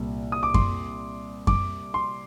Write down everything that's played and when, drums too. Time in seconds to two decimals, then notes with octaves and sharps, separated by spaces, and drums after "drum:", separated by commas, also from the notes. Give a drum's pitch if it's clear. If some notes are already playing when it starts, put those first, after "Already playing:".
Already playing: C2 A#2
0.32 D#6
0.43 D6
0.54 C6, drum: kick F#2
1.47 D6, drum: kick F#2
1.94 C6